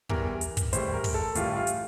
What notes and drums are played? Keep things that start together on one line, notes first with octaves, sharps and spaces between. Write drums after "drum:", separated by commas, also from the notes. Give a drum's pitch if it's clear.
E2 E3 G3 A#4, drum: kick
drum: hi-hat
drum: kick, hi-hat
A2 E3 G3 C5, drum: hi-hat
A#4
drum: kick, open hi-hat
A4
A2 E3 G3 F4, drum: hi-hat
F4
drum: hi-hat